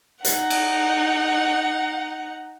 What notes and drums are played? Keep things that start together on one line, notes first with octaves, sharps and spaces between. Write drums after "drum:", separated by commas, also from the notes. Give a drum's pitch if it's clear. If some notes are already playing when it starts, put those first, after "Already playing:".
D#4 F#5, drum: hi-hat
drum: cymbal